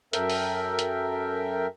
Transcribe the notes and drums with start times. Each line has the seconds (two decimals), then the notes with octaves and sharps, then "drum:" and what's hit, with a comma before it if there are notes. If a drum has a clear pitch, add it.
0.13 F#2 A4 A#4 E5 G5, drum: hi-hat
0.30 drum: open hi-hat
0.79 drum: hi-hat